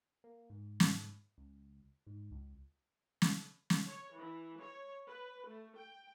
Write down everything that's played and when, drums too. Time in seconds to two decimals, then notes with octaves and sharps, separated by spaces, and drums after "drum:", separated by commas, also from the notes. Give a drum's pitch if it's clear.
0.24 A#3
0.50 G#2
0.80 drum: snare
1.38 C#2
2.06 G#2
2.31 C#2
3.22 drum: snare
3.70 drum: snare
3.87 C#5
4.18 E3
4.60 C#5
5.08 B4
5.48 A3
5.79 G5